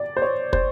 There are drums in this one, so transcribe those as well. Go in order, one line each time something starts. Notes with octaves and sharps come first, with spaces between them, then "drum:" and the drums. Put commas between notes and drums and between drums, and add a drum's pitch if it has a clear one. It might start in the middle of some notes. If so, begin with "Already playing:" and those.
Already playing: D5
C5
C#5
C5, drum: kick